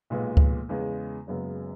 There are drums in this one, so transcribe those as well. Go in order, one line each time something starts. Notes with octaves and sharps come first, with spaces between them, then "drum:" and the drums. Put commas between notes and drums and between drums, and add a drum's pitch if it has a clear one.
B1 A#2 G#3 B3
drum: kick C#2
E2 C#3 G#3 B3
F#1 F#2 C#3 G#3 B3